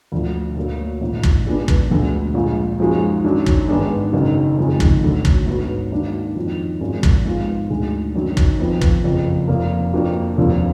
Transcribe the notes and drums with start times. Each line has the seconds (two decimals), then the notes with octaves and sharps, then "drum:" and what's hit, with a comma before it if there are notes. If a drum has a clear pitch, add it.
0.12 D2 D3 F3
0.57 D2 D3 F#3 A#3
1.01 A#1 G#2 D#3
1.23 drum: kick
1.46 A#2 G#3 B3 D4
1.68 drum: kick
1.90 D2 D3 G#3 B3
2.34 A#1 A#2 G#3
2.80 F#2 F3 G#3 D#4 F#4
3.24 F#2 D#3 F#3 D4
3.46 drum: kick
3.69 G#2 D#3 G#3 B3 D4
4.13 F#1 F#2 D#3 F#3
4.58 F#1 F2 D#3 G#3
4.80 drum: kick
5.02 D2 D3 F#3
5.25 drum: kick
5.47 G#2 F#3 B3 D#4 F#4
5.92 G#2 D#3 A#3 D4 F#4
6.36 F2 D#3 F#3
6.80 G#1 F#2 F3 G#3
7.03 drum: kick
7.25 G#2 F3 G#3 B3 F4
7.70 D2 D3 G#3 D#4
8.14 F#2 D#3 F#3 D4
8.37 drum: kick
8.59 F2 F3 B3
8.81 drum: kick
9.04 F#1 F2 F3
9.48 F1 F2 F3 A#3
9.93 F2 F3 A#3 D4 F#4
10.37 F1 D#2 D3 F3